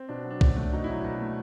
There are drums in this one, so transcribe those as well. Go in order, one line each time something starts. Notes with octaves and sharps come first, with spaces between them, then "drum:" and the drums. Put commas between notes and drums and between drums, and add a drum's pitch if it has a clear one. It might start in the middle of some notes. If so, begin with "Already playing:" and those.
Already playing: C4
B2 D4
F#3
D4
B2 C#4, drum: kick B1
A3 D4
B2 D#4
E4
F#3 D#4
B2
A3